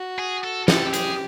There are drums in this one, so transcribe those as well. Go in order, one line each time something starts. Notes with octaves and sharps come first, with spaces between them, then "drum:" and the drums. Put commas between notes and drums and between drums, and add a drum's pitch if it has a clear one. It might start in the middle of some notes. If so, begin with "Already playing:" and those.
Already playing: F#4
G#4
A4
G4 A4, drum: snare
G#4, drum: hi-hat